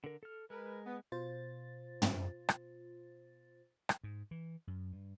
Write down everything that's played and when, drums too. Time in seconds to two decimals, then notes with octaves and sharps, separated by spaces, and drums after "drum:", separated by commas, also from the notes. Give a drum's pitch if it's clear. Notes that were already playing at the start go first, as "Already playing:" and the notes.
0.04 D3 A#4
0.23 A4 F6
0.50 G#3 A#4 B4
0.85 B3
1.12 B2 F4 C5 A6
2.02 drum: tom
2.49 drum: rim click
3.89 drum: rim click
4.04 G#2
4.31 E3
4.67 F#2
4.93 G2